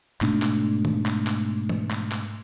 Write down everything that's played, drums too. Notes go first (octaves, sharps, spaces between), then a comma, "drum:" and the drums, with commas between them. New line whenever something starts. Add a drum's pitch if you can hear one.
G#2 B2 A3 D4, drum: clap
drum: clap
drum: tom D#3
drum: clap
drum: clap
drum: tom E3
drum: clap
drum: clap